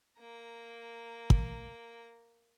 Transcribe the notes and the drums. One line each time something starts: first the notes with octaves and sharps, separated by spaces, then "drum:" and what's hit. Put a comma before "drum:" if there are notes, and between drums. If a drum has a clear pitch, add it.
A#3 A#5
drum: kick